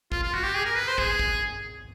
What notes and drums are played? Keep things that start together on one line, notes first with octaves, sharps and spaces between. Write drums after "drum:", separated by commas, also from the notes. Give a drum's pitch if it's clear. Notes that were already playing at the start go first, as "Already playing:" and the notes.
F4, drum: kick
F4
F#4, drum: kick
G4
G#4
A#4
B4
C5
G#4, drum: kick
drum: kick